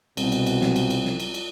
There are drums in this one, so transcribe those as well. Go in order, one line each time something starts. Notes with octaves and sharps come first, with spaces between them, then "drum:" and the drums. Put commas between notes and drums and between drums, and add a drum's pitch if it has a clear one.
C2 B2, drum: cymbal
drum: cymbal
drum: cymbal
drum: snare
drum: cymbal
drum: cymbal
drum: snare
drum: cymbal
drum: cymbal